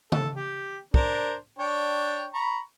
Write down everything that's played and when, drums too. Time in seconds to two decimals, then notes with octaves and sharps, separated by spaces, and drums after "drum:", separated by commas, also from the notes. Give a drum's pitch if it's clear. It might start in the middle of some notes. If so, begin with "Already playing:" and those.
0.12 A4, drum: tom C#3
0.36 G4
0.94 D4 A#4 C5, drum: kick
1.59 D4 C#5 G5
2.34 A#5 B5 C#6